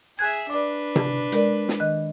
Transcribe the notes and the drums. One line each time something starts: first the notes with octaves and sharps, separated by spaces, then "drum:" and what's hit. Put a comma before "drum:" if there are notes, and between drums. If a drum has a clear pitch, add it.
G#4 E5 G#5 F#6 G#6
D4 B4 D5 D6
drum: tom C3
G#3 A#4 D5, drum: hi-hat
drum: snare
D#3 D#5 F#6